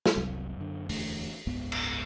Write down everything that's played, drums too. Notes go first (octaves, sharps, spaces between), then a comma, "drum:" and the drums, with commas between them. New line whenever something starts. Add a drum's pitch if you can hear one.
drum: snare
F1 C2 C3 F#3
F#2 D3
D1 E2 D3 A3, drum: open hi-hat
F#1 C#2 G#2 B3
drum: cymbal